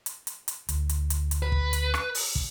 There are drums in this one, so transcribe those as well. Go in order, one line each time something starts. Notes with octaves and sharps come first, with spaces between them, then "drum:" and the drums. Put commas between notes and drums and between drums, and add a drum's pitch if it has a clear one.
drum: hi-hat
drum: hi-hat
drum: hi-hat
D2, drum: hi-hat
drum: hi-hat
drum: hi-hat
drum: hi-hat
B4
drum: kick
drum: hi-hat
drum: rim click
drum: open hi-hat
drum: kick